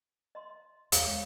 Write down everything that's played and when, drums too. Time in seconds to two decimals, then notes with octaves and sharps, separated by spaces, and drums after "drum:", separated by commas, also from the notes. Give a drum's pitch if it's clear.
0.35 D#5 A#5 C6
0.92 E2 C#5 F5, drum: hi-hat
1.07 G#3